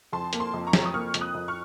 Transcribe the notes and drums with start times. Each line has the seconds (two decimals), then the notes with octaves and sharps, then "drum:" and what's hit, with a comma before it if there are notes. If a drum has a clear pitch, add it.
0.12 F2 A5 C6
0.33 A#3, drum: hi-hat
0.40 A5 C6
0.53 F2
0.67 A#5 C#6
0.73 F2, drum: snare
0.86 D#6
0.94 A#3 C#6 F6
1.14 F2, drum: hi-hat
1.21 D#6 F#6
1.34 F2
1.48 C#6 F6